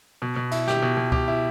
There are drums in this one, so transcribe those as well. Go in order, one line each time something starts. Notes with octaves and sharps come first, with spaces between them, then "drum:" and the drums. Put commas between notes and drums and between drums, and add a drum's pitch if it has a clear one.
B2
B2
E4, drum: cymbal
G4, drum: snare
B2
B2
G4, drum: kick C#2
E4